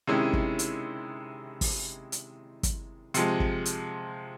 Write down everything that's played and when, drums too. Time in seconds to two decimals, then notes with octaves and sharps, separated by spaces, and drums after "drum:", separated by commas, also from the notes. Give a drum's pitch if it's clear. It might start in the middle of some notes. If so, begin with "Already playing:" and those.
0.07 C3 D#3 G#3 C#4 E4
0.33 drum: kick
0.59 drum: hi-hat
1.61 drum: kick, open hi-hat
2.12 drum: hi-hat
2.63 drum: kick, hi-hat
3.14 C3 F3 G#3, drum: hi-hat
3.40 drum: kick
3.66 drum: hi-hat